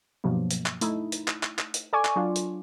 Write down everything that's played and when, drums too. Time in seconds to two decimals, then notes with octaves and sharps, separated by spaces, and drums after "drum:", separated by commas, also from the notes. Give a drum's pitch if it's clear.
0.24 G2 B2 F3 F#3 A#3
0.51 drum: hi-hat
0.66 drum: clap
0.81 A3 D#4 E4, drum: hi-hat
1.12 drum: hi-hat
1.28 drum: clap
1.43 drum: clap
1.59 drum: clap
1.74 drum: hi-hat
1.93 A4 D5 G#5 C#6 D6
2.05 drum: clap
2.16 F#3 D4 F4
2.36 drum: hi-hat